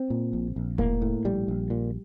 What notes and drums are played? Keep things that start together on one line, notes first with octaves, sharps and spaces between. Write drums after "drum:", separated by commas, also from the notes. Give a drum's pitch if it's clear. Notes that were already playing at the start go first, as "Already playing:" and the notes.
Already playing: C4
A#2
A#1
A#1
A2 A#3, drum: kick E1
A2
A#1 G3
A#1
A#2